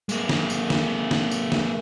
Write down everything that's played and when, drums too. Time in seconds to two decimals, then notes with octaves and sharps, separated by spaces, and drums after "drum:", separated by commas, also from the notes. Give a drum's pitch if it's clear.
0.09 G#3 A#3, drum: tambourine
0.29 drum: snare
0.50 drum: tambourine
0.70 drum: snare
1.11 drum: snare
1.31 drum: tambourine
1.52 drum: snare